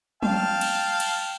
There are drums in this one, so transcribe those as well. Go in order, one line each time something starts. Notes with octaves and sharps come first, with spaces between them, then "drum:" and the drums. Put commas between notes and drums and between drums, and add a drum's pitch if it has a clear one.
F5 G5 A5, drum: tom F3
drum: cymbal
drum: cymbal